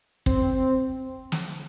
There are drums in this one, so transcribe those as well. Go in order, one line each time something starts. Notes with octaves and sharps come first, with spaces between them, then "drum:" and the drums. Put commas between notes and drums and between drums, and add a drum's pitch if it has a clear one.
C4, drum: kick
drum: snare